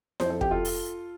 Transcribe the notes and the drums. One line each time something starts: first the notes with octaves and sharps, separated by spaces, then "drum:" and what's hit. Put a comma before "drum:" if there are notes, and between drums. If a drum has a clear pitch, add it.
F2 C5, drum: snare E4
A4
G4, drum: kick
F4 A4
drum: open hi-hat